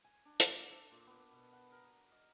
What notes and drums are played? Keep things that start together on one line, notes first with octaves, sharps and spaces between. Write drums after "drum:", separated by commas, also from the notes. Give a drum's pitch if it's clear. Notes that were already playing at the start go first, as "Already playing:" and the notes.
G#5
D4
D6, drum: hi-hat
A4
A#2
B3
B2
F#5
A#4
D#5